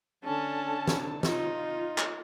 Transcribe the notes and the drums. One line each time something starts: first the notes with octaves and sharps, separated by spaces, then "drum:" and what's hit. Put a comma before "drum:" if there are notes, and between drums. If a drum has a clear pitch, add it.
D3 C#4 A5
drum: snare
D#4 F4, drum: snare
drum: clap